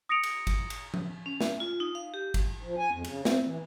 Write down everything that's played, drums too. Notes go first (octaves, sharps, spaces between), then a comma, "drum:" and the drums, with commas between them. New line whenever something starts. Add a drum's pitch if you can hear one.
D#6 A#6 C#7 D7 F7
drum: cymbal
drum: kick G1, cymbal
drum: cymbal
drum: tom F3
C#4
drum: snare
F4
D#4
F5
G4
drum: kick G1, cymbal
F3
G#5
F2
C#3, drum: cymbal
C4, drum: snare
E3